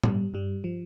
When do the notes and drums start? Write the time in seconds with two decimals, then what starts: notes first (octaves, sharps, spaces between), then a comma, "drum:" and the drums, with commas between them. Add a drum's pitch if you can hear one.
0.04 G2 G3, drum: tom A2
0.34 G2 G3
0.64 F3